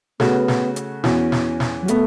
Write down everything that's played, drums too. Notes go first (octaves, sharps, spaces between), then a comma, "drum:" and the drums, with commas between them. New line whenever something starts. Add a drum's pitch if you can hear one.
C#3 A3 B3 F#4, drum: snare
drum: snare
drum: hi-hat
E2 E3 C#4 F#4, drum: snare
drum: snare
drum: snare
F#3
B2 A3 B3, drum: hi-hat